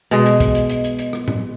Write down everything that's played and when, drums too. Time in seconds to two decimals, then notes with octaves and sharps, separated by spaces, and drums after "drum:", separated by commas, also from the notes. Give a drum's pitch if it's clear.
0.11 B2 G#3, drum: hi-hat
0.26 drum: hi-hat
0.40 drum: kick, hi-hat
0.55 drum: hi-hat
0.70 drum: hi-hat
0.84 drum: hi-hat
0.99 drum: hi-hat
1.13 drum: rim click
1.28 drum: tom A2